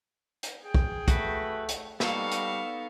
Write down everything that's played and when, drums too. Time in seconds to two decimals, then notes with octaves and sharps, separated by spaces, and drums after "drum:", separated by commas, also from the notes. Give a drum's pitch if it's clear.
0.43 drum: hi-hat
0.63 G#4 G5
0.75 drum: kick
1.08 A3 F#4 B4, drum: kick, hi-hat
1.69 drum: hi-hat
2.00 G3 B3 D#4 A4 F5 C#6, drum: snare
2.32 drum: hi-hat